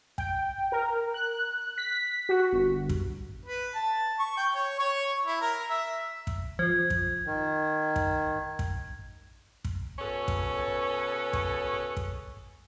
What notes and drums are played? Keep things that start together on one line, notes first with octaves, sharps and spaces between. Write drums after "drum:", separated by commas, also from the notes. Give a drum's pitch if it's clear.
G5, drum: kick
A#4
F#6
B6
F#4
G1
drum: kick
B4
A5
C#6
G5
C#5
C#5
E4
A#4
E5
drum: kick
F3 G#6
drum: kick
D#3
drum: kick
drum: kick
drum: kick
B2 C#4 G#4 A4 B4 C#5
drum: kick
drum: kick
drum: kick